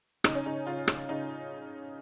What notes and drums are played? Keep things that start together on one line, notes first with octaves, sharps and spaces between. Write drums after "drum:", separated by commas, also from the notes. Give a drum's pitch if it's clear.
C#3 D#4, drum: rim click
C#4
C#3 D#4
C#3 F4
C#3, drum: rim click
C#3 D#4